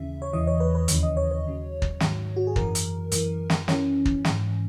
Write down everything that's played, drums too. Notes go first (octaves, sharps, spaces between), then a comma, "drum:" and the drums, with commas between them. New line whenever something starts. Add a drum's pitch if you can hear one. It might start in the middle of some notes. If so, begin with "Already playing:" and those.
Already playing: D#2 C#3 E3 E5
C#5
E2 C#3 E3 D#5
C#5
B4
B4
D#2 C#3 E3, drum: hi-hat
D#5
C#5
C#5
D#2 C#3 F#3
drum: kick
G#2 D#3 F#3, drum: snare
F#4
G#4
F#2 E3 A#4, drum: kick
drum: hi-hat
F#2 E3, drum: hi-hat
drum: snare
F#2 E3 C#4, drum: snare
drum: kick
G#2 E3, drum: snare